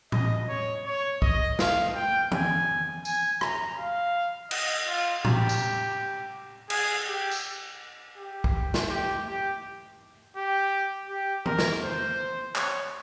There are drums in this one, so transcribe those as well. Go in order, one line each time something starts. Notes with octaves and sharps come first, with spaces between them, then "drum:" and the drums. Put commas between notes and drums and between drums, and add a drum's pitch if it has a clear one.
D#5, drum: tom A2
C#5
C#5
D#5, drum: kick
F5, drum: snare
G5
G#5, drum: tom D#3
G#5, drum: tambourine
A#5, drum: rim click
F5
D#5, drum: cymbal
F4
G4, drum: tom A2
drum: tambourine
G#4, drum: cymbal
G4
drum: tambourine
G4
drum: kick
drum: snare
G4
G4
G4
G4
A#4, drum: tom D#3
drum: snare
C5
C#5, drum: clap